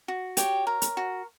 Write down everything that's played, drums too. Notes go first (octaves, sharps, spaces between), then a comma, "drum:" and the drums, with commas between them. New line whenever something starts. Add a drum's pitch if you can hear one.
F#4
G4 C#5 G5, drum: hi-hat
A#4
drum: hi-hat
F#4